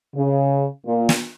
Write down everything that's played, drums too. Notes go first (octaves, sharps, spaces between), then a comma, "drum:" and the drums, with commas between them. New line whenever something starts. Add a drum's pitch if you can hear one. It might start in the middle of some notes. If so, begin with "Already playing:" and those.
C#3
A#2
drum: snare